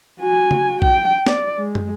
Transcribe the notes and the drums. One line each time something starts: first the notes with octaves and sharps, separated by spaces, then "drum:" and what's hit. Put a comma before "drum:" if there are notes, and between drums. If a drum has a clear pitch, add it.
F#4 G#5
drum: tom
G5, drum: kick A#1
D5, drum: snare
G#3
drum: tom